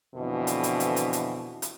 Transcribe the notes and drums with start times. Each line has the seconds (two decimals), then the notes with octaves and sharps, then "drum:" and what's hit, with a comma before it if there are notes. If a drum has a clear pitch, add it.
0.14 F2 B2 D3 E3
0.47 drum: hi-hat
0.63 drum: hi-hat
0.80 drum: hi-hat
0.96 drum: hi-hat
1.13 drum: hi-hat
1.62 drum: hi-hat